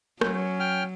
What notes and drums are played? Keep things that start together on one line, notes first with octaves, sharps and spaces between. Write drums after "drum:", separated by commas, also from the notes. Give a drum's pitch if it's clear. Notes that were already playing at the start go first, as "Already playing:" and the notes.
F#3 C#4, drum: rim click
G5 F6